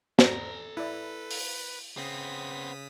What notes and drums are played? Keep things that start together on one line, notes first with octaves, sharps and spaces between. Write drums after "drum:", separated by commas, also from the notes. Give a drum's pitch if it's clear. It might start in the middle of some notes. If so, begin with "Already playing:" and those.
A4 D5 A#5, drum: snare
E4 B4 D5
drum: open hi-hat
C#3 B3 C4 D#6 B6